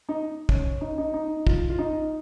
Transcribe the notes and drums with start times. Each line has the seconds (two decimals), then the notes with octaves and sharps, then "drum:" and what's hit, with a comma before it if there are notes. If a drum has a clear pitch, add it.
0.09 D#4
0.49 C#4, drum: kick
0.81 D#4
0.98 D#4
1.14 D#4
1.47 F4, drum: kick
1.70 F4
1.79 D#4